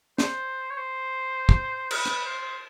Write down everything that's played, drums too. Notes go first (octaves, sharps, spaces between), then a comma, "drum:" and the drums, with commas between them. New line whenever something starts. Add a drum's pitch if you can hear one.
C5, drum: snare
C#5
C5
drum: kick
A#4, drum: cymbal
B4
drum: rim click
C5